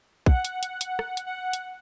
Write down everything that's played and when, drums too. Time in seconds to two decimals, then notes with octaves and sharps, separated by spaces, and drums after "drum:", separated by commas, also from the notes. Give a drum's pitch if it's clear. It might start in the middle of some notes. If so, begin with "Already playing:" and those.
0.26 F#5, drum: kick
0.45 drum: hi-hat
0.63 drum: hi-hat
0.81 drum: hi-hat
0.99 drum: rim click
1.17 drum: hi-hat
1.26 F#5
1.53 drum: hi-hat